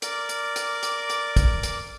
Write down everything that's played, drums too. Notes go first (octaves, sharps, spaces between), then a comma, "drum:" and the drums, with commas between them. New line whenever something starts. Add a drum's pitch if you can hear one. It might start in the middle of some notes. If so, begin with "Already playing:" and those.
A#4 D5 D6, drum: hi-hat
drum: hi-hat
drum: hi-hat
drum: hi-hat
drum: hi-hat
drum: kick, hi-hat
drum: hi-hat